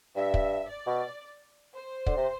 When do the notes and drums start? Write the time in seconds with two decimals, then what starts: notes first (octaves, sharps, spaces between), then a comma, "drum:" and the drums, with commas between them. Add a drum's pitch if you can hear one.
0.16 G2 E5
0.34 drum: kick
0.69 D5
0.87 B2
1.75 C5
2.06 D3, drum: kick
2.17 C3